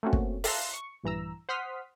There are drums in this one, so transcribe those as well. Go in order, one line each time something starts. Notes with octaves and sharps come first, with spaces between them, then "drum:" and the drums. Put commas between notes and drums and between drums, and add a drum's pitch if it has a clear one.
A3 A#3 C4 C#4 F#4
drum: kick
E5 F5 A5 A#5 C6 F#6, drum: open hi-hat
C#6
A#1 G2 E3 A#5 E6
C5 F#5 C6 D#6 F6 B6